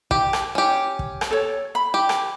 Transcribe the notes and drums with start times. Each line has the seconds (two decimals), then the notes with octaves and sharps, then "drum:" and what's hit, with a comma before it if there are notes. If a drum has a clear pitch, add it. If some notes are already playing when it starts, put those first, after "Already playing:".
0.11 G4, drum: kick
0.33 drum: rim click
0.55 C#4 G4
0.99 drum: kick
1.21 drum: rim click
1.31 A4 C#5
1.75 B5
1.94 G4
2.09 drum: rim click